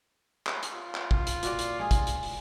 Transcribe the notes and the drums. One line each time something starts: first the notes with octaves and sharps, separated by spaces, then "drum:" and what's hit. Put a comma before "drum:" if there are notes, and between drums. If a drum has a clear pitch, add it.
drum: clap
drum: hi-hat
F4
drum: clap
drum: kick
drum: hi-hat
A#2 F#4 D5, drum: hi-hat
drum: hi-hat
G#3 G#4
drum: kick, hi-hat
drum: hi-hat
drum: open hi-hat